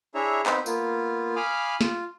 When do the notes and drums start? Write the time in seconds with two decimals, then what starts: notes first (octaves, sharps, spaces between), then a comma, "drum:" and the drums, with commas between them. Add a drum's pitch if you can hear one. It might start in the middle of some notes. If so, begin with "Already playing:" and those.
0.15 D4 E4 G#4 C#5 E5 A#5
0.46 B3 C4 D#4 B4 C5 G5, drum: clap
0.66 A#3 B3 F4, drum: tambourine
1.36 F5 G#5 B5 D6 D#6 F6
1.81 F4, drum: snare